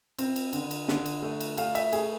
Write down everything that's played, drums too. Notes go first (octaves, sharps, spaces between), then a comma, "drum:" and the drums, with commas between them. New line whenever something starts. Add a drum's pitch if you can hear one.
C4, drum: cymbal
drum: cymbal
D3, drum: cymbal
drum: cymbal
D3, drum: snare
drum: cymbal
A3
drum: cymbal
A3 F5, drum: cymbal
E5, drum: cymbal
A3 G#4, drum: cymbal